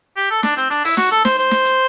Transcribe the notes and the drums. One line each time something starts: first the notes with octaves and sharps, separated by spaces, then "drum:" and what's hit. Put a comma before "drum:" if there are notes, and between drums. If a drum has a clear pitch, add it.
G4
A4
D4, drum: snare
C4, drum: hi-hat
D4, drum: hi-hat
E4, drum: open hi-hat
F#4, drum: snare
A4, drum: hi-hat
C5, drum: snare
C5, drum: hi-hat
drum: snare
drum: hi-hat